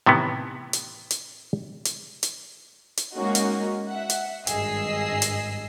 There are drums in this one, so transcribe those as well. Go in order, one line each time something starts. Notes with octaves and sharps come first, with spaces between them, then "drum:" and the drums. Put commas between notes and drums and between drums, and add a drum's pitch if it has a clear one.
A2 C3 D#3 E3 B3
drum: hi-hat
drum: hi-hat
drum: hi-hat
drum: hi-hat
drum: hi-hat
G#3 A#3 C#4 D#4 F#4
drum: hi-hat
E5 F#5
drum: hi-hat
G#1 G2 G#4 D#5 E6 C7, drum: hi-hat
drum: hi-hat